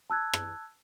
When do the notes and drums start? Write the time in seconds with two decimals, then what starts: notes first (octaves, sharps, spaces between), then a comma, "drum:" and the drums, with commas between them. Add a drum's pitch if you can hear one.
0.10 A5 E6 F#6 G#6
0.33 drum: rim click